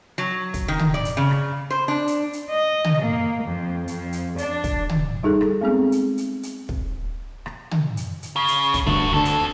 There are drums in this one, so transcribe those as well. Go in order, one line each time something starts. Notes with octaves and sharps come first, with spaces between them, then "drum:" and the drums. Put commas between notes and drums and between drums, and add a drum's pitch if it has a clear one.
F#3
drum: kick, hi-hat
D#3
drum: tom
D5
drum: hi-hat
C#3
drum: rim click
C5
D4
drum: hi-hat
drum: hi-hat
D#5
drum: tom
A#3
F2
F2, drum: hi-hat
drum: hi-hat
D4, drum: hi-hat
drum: kick, hi-hat
drum: tom
G3 D#4 G#4 A4
drum: rim click
G#3 B3 C4 G#4
drum: hi-hat
drum: hi-hat
drum: hi-hat
drum: kick
drum: rim click
drum: tom
drum: hi-hat
drum: hi-hat
C#3
drum: hi-hat
drum: kick, hi-hat
G1 D2 G2 A3 F#4
D2 D3 C4 A4
drum: hi-hat